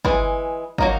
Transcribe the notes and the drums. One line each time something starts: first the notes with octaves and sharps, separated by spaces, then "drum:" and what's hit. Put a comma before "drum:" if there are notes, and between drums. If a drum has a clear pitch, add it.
E3 G#3, drum: kick
F#3 A#3 D#4, drum: kick